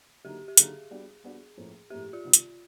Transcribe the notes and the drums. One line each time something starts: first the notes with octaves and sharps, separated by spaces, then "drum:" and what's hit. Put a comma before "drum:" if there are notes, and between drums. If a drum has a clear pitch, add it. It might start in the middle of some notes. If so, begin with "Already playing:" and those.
D3 F#3 A#3 D#4 G4
G4
D3 F#3 A#3 D#4 G#4, drum: hi-hat
G3 B3 D4 F#4
G3 B3 D4 F#4
A2 F3 A#3 C#4
A2 F3 A#3 C#4 G4
F4
C3 D#3 G3 B3
drum: hi-hat